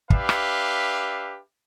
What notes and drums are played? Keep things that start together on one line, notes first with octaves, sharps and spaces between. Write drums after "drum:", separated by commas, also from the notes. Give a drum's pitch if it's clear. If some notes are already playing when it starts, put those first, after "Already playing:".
D4 G4 B4 E5 F5, drum: kick
drum: rim click